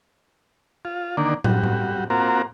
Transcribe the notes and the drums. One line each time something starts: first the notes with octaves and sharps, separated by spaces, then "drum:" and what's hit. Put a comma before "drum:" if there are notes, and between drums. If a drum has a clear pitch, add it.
F4
D3 D#3 A#3 D4
G3 F#4, drum: tom
drum: tom A2
A#3 C4 F4 F#4 A#4